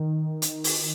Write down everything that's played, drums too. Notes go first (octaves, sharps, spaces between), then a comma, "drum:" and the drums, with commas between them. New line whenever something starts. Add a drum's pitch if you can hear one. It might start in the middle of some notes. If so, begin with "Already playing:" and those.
Already playing: D#3
drum: hi-hat
drum: open hi-hat